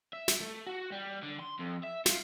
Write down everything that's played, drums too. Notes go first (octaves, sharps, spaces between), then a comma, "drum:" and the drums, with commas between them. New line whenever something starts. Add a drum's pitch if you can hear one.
E5
drum: snare
A3
F#4
G3
D3
C6
F2
E5
F4, drum: snare